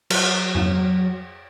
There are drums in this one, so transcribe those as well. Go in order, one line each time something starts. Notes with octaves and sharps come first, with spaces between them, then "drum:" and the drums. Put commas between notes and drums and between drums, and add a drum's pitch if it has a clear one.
F#3, drum: cymbal
drum: tom F2